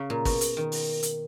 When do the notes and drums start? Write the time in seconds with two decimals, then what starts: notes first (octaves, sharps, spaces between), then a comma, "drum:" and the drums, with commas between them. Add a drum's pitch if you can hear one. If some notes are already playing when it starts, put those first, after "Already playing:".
Already playing: C#3
0.10 A#2
0.25 B2, drum: kick, open hi-hat
0.41 drum: hi-hat
0.57 D#3
0.72 drum: open hi-hat
1.03 drum: hi-hat